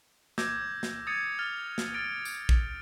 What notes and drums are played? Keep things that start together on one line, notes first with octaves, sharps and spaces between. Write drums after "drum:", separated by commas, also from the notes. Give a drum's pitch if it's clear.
D6 E6 G6 G#6 A#6, drum: snare
drum: snare
D#6 G#6 A6 C#7 D#7
F6 A6 F7
drum: snare
F6 A6 D7
drum: tambourine
drum: kick